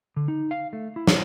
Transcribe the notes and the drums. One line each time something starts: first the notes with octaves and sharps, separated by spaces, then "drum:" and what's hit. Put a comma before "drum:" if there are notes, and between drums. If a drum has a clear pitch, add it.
D3
D#4
F5
A3
E4
drum: snare